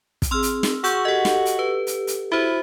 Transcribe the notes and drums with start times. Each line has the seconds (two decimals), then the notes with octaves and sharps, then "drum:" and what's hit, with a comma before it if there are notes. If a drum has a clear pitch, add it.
0.22 drum: kick, hi-hat
0.31 C4 G#4 C6 E6 F6
0.43 drum: hi-hat
0.63 drum: snare
0.84 F#4 G#4 C#6 E6 G6, drum: hi-hat
1.05 G4 A4 D#5 F#5
1.25 drum: snare
1.46 drum: hi-hat
1.59 B4
1.87 drum: hi-hat
2.07 drum: hi-hat
2.32 E4 F#4 C5